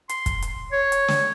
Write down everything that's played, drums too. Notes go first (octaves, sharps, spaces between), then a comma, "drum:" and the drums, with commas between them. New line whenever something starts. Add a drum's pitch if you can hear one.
C6, drum: hi-hat
drum: kick, hi-hat
drum: hi-hat
C#5
drum: hi-hat
drum: snare